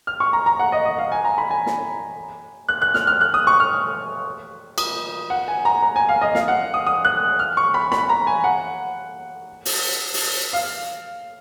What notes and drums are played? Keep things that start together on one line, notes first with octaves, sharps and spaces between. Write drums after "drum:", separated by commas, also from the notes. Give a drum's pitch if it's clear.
F6
C#6
A#5
A#5
F#5
D#5
D#5
F5
G#5
A#5
B5
G#5
drum: snare
F#6
F#6
F6, drum: snare
F6
F#6
D#6
C#6
F6
D#6, drum: cymbal
F#5
G#5
A#5
A#5
G#5
F5
D#5
F5, drum: snare
F#5
D#6
D#6
F#6
F6
C#6
B5
B5, drum: snare
A#5
G#5
F#5
drum: open hi-hat
drum: open hi-hat
F5